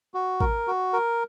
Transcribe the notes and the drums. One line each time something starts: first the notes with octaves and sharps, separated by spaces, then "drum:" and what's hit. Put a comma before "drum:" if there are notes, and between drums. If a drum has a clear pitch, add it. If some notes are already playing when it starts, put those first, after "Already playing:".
F#4
A#4, drum: kick A1
F#4
A#4